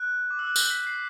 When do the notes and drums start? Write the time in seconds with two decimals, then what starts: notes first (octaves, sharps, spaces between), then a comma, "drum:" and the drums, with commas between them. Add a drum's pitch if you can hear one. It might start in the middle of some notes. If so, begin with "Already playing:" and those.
Already playing: F#6
0.30 D6
0.39 E6
0.47 F#6
0.56 G6, drum: tambourine
0.71 B6
0.87 C7